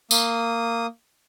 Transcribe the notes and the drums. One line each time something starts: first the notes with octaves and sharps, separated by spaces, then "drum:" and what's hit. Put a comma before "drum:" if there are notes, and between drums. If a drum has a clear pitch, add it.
A#3 D#6, drum: tambourine